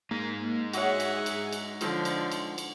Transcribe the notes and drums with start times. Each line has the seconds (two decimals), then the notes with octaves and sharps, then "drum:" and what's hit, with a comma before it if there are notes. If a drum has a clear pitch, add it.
0.11 G#3 A#3 D#4
0.73 F#3 F#4 G#4 E5 F#5, drum: cymbal
1.00 drum: cymbal
1.26 drum: cymbal
1.53 drum: cymbal
1.81 D3 F3 C6, drum: cymbal
2.05 drum: cymbal
2.32 drum: cymbal
2.58 drum: cymbal